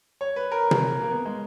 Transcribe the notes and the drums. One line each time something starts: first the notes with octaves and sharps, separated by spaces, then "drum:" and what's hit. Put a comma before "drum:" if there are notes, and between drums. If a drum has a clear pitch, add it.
C#5
B4
A#4
drum: tom
A#3
B3
G#3